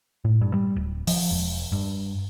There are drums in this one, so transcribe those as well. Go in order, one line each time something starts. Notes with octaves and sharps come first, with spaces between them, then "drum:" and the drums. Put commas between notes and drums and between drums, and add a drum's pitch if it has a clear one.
A2
G2
G3
D1
F3, drum: open hi-hat
E1
G2